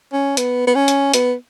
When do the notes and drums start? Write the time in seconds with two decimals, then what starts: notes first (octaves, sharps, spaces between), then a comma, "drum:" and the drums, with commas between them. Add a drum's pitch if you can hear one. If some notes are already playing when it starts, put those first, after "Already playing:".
0.12 C#4
0.37 B3, drum: hi-hat
0.67 B3
0.75 C#4
0.88 drum: hi-hat
1.14 B3, drum: hi-hat